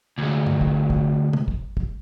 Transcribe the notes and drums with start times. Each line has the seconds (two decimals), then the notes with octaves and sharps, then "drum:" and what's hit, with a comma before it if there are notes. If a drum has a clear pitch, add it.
0.18 D2 G#3
0.47 drum: tom G2
0.61 drum: kick
0.90 drum: kick
1.33 drum: tom C3
1.48 drum: kick
1.77 drum: kick